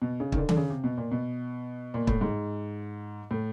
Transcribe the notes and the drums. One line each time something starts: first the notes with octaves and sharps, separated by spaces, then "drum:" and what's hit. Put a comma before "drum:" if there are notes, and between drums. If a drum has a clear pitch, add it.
B2
C#3
D#3, drum: kick
D3
D3, drum: tom D#3
C#3
C3
B2
A#2
B2
A#2
A2, drum: kick
G#2
A2